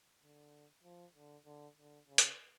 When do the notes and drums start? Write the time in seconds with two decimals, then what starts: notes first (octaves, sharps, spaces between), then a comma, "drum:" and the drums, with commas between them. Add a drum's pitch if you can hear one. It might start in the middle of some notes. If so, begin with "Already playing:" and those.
0.23 D3
0.84 F3
1.15 D3
1.46 D3
1.78 D3
2.08 C#3
2.18 drum: hi-hat